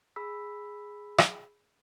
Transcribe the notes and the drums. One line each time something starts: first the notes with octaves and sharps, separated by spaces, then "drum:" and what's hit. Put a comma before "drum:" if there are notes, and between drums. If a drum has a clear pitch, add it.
G#4 B5 E6 B6
drum: rim click